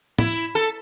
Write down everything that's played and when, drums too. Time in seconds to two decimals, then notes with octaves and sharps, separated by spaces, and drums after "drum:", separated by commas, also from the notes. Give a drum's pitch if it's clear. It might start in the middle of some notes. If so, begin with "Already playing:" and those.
0.19 E4, drum: tom
0.55 A4